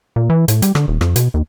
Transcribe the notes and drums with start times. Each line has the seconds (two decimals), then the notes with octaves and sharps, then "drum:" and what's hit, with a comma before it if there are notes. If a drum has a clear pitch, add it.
0.16 A#2
0.30 E3
0.48 A2, drum: hi-hat
0.62 G3, drum: hi-hat
0.75 D3, drum: rim click
0.88 D#1
1.01 F2, drum: rim click
1.16 B2, drum: hi-hat
1.34 D#2